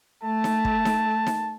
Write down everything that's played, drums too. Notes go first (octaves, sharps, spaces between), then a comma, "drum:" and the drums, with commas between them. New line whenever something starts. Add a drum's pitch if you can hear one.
A3 A5
drum: snare D#4
drum: kick
drum: snare D#4
drum: snare D#4